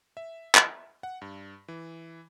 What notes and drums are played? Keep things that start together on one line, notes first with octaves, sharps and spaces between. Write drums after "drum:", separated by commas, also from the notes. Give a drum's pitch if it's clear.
E5
drum: clap
F#5
G2
E3